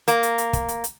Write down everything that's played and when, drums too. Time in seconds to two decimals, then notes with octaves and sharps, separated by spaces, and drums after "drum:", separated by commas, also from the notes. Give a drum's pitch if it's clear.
0.08 A#3, drum: hi-hat
0.23 drum: hi-hat
0.38 drum: hi-hat
0.53 drum: kick, hi-hat
0.68 drum: hi-hat
0.84 drum: hi-hat